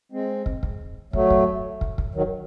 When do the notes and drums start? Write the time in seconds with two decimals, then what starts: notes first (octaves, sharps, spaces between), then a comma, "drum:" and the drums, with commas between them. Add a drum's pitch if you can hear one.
0.12 G#3 C4
0.46 drum: kick
0.63 drum: kick
1.13 F#3 A3, drum: kick
1.30 drum: kick
1.81 drum: kick
1.98 drum: kick
2.15 D#3 F#3